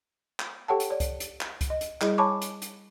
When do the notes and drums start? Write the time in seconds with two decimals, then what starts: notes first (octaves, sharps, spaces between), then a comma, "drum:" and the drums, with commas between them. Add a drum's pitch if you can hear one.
0.40 drum: clap
0.68 G4 A4 C#5 F#5 G5 A5
0.80 drum: hi-hat
0.90 C#5 D5
1.00 drum: kick C2, hi-hat
1.20 drum: hi-hat
1.41 drum: clap
1.61 drum: kick C2, hi-hat
1.70 D#5
1.81 drum: hi-hat
2.01 G3 E4 G#4 D#5, drum: clap
2.18 C#5 G#5 A5 B5 C#6 D6
2.42 drum: hi-hat
2.62 drum: hi-hat